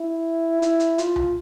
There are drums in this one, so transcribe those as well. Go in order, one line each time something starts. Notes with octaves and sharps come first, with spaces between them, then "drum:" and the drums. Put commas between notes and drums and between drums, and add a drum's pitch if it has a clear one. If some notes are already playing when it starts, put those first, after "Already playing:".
Already playing: E4
E4, drum: hi-hat
drum: hi-hat
F4, drum: hi-hat
drum: tom C2